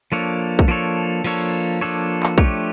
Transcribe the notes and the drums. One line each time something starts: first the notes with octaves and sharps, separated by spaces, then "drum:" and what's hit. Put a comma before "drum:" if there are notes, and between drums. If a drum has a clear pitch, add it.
F3 A#3 D4 A4 C#5
drum: kick
F3 A#3 D4 A4 C#5
F3 A#3 D4 A4 C#5, drum: cymbal
F3 A#3 D4 A4 C#5
drum: clap
F3 A3 D4 G4 C#5, drum: kick